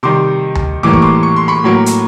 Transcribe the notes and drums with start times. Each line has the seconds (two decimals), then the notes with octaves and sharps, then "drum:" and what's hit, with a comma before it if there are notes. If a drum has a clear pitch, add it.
0.03 C3 D#3 G3 C6 D6
0.55 drum: tom D2
0.83 A2 E3 G3 A#3 D6
0.93 C#6, drum: kick
1.02 C6 D6
1.23 C#6
1.36 C6
1.48 B5 C#6
1.64 A2 F#3 A#3
1.86 drum: hi-hat